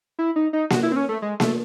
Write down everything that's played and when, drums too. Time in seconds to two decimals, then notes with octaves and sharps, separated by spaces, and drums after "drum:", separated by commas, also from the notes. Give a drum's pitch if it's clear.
0.19 E4
0.36 D#4
0.53 D#4
0.70 F#4, drum: snare A#3
0.83 E4
0.92 C4
0.96 C#4
1.09 A3
1.22 G#3
1.40 A3, drum: snare A#3